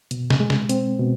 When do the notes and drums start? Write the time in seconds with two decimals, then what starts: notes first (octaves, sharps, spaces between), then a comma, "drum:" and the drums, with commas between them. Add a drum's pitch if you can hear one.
0.11 B2, drum: hi-hat
0.30 drum: snare
0.40 G#3
0.50 drum: snare
0.69 C4, drum: hi-hat
0.99 B2